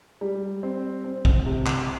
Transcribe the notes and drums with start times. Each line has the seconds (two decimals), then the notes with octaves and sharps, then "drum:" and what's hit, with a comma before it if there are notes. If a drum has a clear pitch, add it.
0.21 G3
0.63 C4
1.04 C4
1.25 drum: kick
1.46 C3
1.66 drum: clap